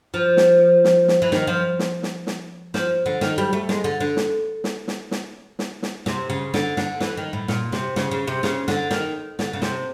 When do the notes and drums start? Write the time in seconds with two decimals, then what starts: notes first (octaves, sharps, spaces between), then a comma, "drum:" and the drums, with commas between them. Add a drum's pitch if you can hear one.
0.14 F3
0.37 drum: snare
0.84 drum: snare
1.08 drum: snare
1.22 E3
1.32 D#3, drum: snare
1.47 F3
1.79 drum: snare
2.03 drum: snare
2.27 drum: snare
2.74 F3, drum: snare
3.06 D3
3.21 D#3, drum: snare
3.38 G3
3.53 A3
3.69 G#3, drum: snare
3.84 D3
4.00 D3
4.16 drum: snare
4.64 drum: snare
4.88 drum: snare
5.11 drum: snare
5.59 drum: snare
5.83 drum: snare
6.06 C3, drum: snare
6.30 C#3
6.54 D3, drum: snare
6.77 D3, drum: snare
7.01 E3, drum: snare
7.17 D#3
7.33 A2
7.48 A#2, drum: snare
7.72 C3, drum: snare
7.96 C#3, drum: snare
8.11 C#3
8.28 C3
8.43 C#3, drum: snare
8.68 D3, drum: snare
8.91 D#3, drum: snare
9.39 D3, drum: snare
9.53 C#3
9.62 C3, drum: snare